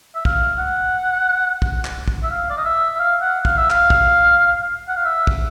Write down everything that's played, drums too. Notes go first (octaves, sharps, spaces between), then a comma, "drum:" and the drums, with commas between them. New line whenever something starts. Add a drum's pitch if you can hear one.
E5
F5, drum: kick
F#5
drum: kick
drum: clap
drum: kick
E5
F5
D5
D#5
E5
E5
F5
F#5
F5, drum: kick
E5
F5, drum: clap
drum: kick
F#5
F5
E5
drum: kick